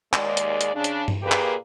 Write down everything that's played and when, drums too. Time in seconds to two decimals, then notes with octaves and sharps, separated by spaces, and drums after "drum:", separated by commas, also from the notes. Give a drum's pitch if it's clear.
0.13 D#2 G#3 D5, drum: clap
0.37 drum: hi-hat
0.61 drum: hi-hat
0.75 C#3 D4
0.84 drum: hi-hat
1.08 drum: tom G2
1.22 A#2 A#3 G4 G#4 B4
1.32 drum: clap